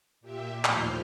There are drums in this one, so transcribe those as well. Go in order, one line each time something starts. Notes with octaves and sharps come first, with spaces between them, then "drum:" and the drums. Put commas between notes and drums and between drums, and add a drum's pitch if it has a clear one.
A#2 G4 E5
D#2 A2 F3 F6 G6, drum: clap